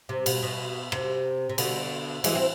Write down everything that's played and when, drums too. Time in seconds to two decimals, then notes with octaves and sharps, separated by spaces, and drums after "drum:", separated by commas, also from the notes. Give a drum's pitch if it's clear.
0.09 C3
0.26 B2, drum: cymbal
0.43 B2
0.92 C3, drum: rim click
1.49 C3
1.58 B2 D3, drum: cymbal
2.24 E3 G#3, drum: cymbal
2.35 C4 E4